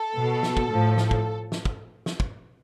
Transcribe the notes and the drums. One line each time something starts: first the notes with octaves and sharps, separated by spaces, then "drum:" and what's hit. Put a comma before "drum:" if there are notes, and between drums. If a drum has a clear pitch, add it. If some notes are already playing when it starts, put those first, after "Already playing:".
Already playing: A4
B2
drum: snare
drum: kick
A2 F3
drum: snare
drum: kick
drum: snare
drum: kick
drum: snare
drum: kick